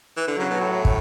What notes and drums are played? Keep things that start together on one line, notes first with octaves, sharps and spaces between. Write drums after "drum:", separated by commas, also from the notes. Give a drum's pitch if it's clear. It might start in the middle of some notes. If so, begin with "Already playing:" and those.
E3
D3
C#3 F#3
B2
A2
drum: kick